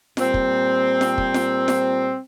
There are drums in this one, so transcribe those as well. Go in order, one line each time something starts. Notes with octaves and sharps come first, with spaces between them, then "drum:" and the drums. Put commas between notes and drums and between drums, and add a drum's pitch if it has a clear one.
A#2 G3 C4, drum: snare F4
drum: kick
drum: snare F4
drum: kick
drum: snare F4
drum: snare F4